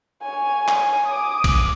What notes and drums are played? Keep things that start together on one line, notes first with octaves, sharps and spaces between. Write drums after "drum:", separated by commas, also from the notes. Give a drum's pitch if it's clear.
C#5 G#5
drum: clap
D6 D#6
drum: kick A#1, cymbal